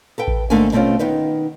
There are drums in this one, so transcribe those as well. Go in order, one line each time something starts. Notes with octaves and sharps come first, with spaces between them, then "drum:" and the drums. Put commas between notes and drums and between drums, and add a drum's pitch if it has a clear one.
A4 B4 G5
drum: kick A1
G#2 D3 A3 A#3 D4 G#5
B2 A3 C4 C#4 F4
D#3 B3 D#4 B4